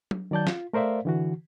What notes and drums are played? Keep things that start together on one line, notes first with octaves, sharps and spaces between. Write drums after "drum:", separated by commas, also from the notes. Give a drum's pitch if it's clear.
drum: tom
D#3 F#3 D5 A5 G6
F4, drum: snare
A3 A#4 C5 D5 E5 F5
D3 E3 F#4